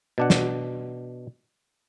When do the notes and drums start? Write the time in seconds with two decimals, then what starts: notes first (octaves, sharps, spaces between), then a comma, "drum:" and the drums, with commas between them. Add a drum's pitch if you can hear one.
0.18 B2 D4 F#5
0.30 drum: snare